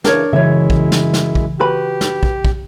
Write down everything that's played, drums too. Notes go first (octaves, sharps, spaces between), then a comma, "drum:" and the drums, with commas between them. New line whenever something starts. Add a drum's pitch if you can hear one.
C#3 E3 D4 A#4 C#5, drum: snare
F#2 C#3 E3 G#3 E4 C#5 E5
drum: kick
drum: snare
drum: snare
drum: kick
F#4 G4 B4 B5
drum: snare
drum: kick
drum: kick